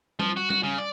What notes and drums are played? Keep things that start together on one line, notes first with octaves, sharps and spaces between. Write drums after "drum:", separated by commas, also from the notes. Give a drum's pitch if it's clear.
F3, drum: tom G3
F#4
F#4, drum: tom G3
C#3
D5